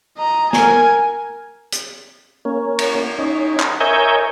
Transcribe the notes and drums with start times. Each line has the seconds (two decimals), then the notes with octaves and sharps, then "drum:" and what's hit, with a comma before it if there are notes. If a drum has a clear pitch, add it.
0.17 D#5 A#5
0.53 A#4 G#5, drum: snare
1.72 drum: hi-hat
2.45 A#3 C#4
2.79 drum: cymbal
3.19 C#4 D#4
3.60 drum: clap
3.80 A#4 C#5 D#5 E5 G#5 G6